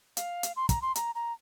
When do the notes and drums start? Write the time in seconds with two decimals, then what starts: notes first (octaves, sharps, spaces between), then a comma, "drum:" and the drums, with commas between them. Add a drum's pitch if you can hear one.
0.17 F5, drum: hi-hat
0.43 drum: hi-hat
0.56 C6
0.69 A#5, drum: kick, hi-hat
0.82 C6
0.96 A#5, drum: hi-hat
1.15 A#5